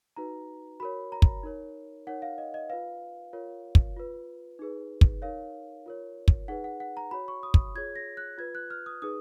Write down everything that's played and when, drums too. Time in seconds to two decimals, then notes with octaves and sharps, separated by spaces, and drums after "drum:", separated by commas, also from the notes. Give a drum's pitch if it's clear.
0.16 D#4 F#4 B4 A#5
0.80 F#4 A#4 C#5 B5
1.12 A#5
1.22 drum: kick
1.43 D#4 A#4 C#5
2.07 D#4 A#4 C#5 F#5
2.22 F5
2.38 D#5
2.54 D#5
2.69 F4 B4 F5
3.33 F4 A#4 C#5
3.75 drum: kick
3.97 F4 B4
4.59 D#4 G#4 B4
5.01 drum: kick
5.22 D#4 A#4 C#5 F5
5.86 F4 A#4 C#5
6.28 drum: kick
6.48 D#4 G#4 B4 F#5
6.64 F#5
6.80 F#5
6.97 A#5
7.11 F#4 C#5 B5
7.28 C#6
7.43 D#6
7.54 drum: kick
7.75 F4 G#4 C#5 G#6
7.96 A#6
8.17 F#6
8.38 F4 B4 G#6
8.55 F#6
8.70 F6
8.86 D#6
9.02 D#4 G#4 B4 D#6